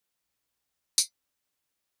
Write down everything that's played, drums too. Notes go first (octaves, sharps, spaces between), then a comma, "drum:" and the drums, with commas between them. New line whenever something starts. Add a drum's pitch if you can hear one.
A#1 D4
drum: tambourine